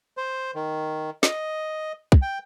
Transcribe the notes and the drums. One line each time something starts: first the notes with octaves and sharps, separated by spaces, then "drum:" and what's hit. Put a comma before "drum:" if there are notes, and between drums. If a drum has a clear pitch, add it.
C5
D#3
D#5, drum: snare
drum: kick
G5